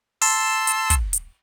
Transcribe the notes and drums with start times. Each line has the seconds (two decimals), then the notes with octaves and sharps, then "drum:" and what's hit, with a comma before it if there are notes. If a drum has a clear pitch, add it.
0.21 A5 C6 E6, drum: open hi-hat
0.67 drum: hi-hat
0.90 drum: kick, hi-hat
1.13 drum: hi-hat